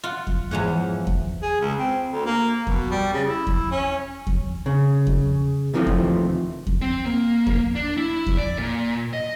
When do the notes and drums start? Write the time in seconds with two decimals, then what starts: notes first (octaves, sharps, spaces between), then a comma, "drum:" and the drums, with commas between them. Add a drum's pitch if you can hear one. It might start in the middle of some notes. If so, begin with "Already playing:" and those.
0.03 F4 F#5
0.27 drum: kick E2
0.51 E2 G#2 E3 F3 C#5 F#5
1.07 drum: kick E2
1.42 G#4
1.60 C#2
1.79 C4
2.12 D2
2.26 A#3
2.67 B2, drum: kick E2
2.91 G3
3.13 C#3
3.28 E4
3.47 drum: kick E2
3.72 C#4
4.27 drum: kick E2
4.66 C#3
5.07 drum: kick E2
5.74 D#2 C3 E3 F3 G#3 A3
5.87 drum: kick E2
6.67 drum: kick E2
6.82 C4
7.06 A#3
7.47 drum: kick E2
7.75 D4
7.97 E4
8.27 drum: kick E2
8.37 D5
8.58 A#2
9.13 D#5